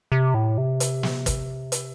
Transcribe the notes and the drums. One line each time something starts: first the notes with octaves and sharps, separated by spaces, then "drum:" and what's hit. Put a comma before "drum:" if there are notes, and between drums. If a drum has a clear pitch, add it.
C3
A2
C3
drum: hi-hat
drum: snare
drum: kick, hi-hat
drum: hi-hat